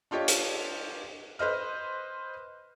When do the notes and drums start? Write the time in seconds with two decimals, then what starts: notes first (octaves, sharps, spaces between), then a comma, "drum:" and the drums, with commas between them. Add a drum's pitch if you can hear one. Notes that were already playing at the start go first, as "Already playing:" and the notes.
0.11 D4 F4 G4 C#5 D#5
0.28 drum: hi-hat
1.39 B4 C5 D#5 F6